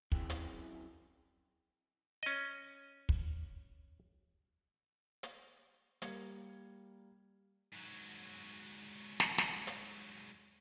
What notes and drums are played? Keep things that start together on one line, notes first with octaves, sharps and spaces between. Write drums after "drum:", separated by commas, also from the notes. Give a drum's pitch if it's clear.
F#2 C4 E4 G#4 G5, drum: kick
drum: hi-hat
C#4 D#5
drum: kick
drum: hi-hat
G3 A#3 G#6 C#7, drum: hi-hat
G#2 F#3
drum: snare
drum: snare
drum: hi-hat